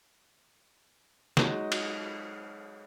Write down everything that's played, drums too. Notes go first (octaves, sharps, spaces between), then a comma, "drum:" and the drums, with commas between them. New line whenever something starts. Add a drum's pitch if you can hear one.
F#3 G#3 D#4, drum: snare
drum: cymbal